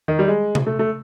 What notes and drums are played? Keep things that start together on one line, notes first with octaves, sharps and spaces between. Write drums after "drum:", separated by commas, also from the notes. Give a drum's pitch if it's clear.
D#3
G3
G#3
drum: tom C3
A3
A3